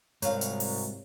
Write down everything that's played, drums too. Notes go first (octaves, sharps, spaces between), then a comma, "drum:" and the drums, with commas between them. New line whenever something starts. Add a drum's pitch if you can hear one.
C2 G#2 F#3 C#5 F5, drum: hi-hat
drum: hi-hat
drum: open hi-hat